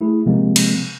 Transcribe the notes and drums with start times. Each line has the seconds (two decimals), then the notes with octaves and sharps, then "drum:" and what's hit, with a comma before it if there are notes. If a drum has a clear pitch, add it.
0.01 A3 E4 G#4
0.26 C3 F3 G#3 A#3 C4
0.56 drum: cymbal